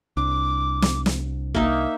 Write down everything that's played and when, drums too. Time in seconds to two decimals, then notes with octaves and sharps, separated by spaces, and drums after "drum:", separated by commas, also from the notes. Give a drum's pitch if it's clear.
0.17 C2 D4 D6
0.82 drum: snare
1.06 drum: snare
1.55 A#3 D#4 E5, drum: kick F#1